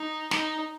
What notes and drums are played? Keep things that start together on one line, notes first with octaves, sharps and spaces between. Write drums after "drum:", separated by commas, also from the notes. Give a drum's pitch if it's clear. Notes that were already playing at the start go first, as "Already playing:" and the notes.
Already playing: D#4
D#4, drum: snare